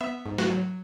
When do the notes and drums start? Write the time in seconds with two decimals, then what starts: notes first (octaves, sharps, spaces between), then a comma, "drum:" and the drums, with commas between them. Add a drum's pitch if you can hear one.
0.01 B3 E5
0.26 G#2
0.38 F#4, drum: snare
0.50 F#3